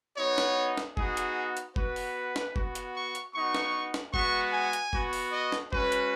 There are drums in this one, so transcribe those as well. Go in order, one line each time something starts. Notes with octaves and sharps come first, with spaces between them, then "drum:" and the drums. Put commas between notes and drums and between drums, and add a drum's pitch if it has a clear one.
B3 D#4 F#4 C#5
drum: snare
drum: snare
B3 D#4 F#4 G#4, drum: kick F#1
drum: hi-hat
drum: hi-hat
B3 F#4 B4, drum: kick F#1
drum: open hi-hat
drum: snare
B3 F#4, drum: kick F#1
drum: hi-hat
C#6
drum: hi-hat
B3 D#4 F#4 C#6
drum: snare
drum: snare
G#3 B3 F#4 C#6, drum: kick F#1
G#5
drum: hi-hat
B3 F#4, drum: kick F#1
drum: open hi-hat
D#5
drum: snare
G#3 C#4 F#4 B4, drum: kick F#1
drum: hi-hat